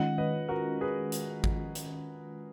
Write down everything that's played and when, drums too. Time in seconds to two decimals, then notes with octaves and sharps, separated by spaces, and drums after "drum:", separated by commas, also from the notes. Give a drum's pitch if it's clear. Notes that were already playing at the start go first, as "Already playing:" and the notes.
Already playing: D#3 G#3 C#4 F4 D#5 F#5
0.18 B4 D#5
0.49 F#4 A#4
0.81 G#4 B4
1.12 drum: hi-hat
1.44 drum: kick G#1
1.75 drum: hi-hat